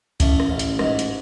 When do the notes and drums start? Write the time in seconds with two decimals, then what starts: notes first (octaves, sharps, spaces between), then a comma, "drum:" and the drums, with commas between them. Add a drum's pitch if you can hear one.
0.20 A1 A3, drum: kick C#2, hi-hat
0.40 drum: rim click
0.50 A1
0.59 drum: hi-hat
0.79 G#2, drum: rim click
0.99 drum: hi-hat